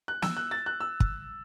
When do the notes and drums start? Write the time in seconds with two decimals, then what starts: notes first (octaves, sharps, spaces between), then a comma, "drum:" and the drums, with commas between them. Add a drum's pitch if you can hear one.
0.08 F#6
0.22 E6, drum: snare
0.37 F#6
0.51 A6
0.66 F#6
0.80 E6
1.00 drum: kick